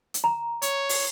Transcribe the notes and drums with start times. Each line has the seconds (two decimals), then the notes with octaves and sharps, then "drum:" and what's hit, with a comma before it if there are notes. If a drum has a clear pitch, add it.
0.14 drum: hi-hat
0.24 A#5
0.62 C#5, drum: hi-hat
0.89 drum: open hi-hat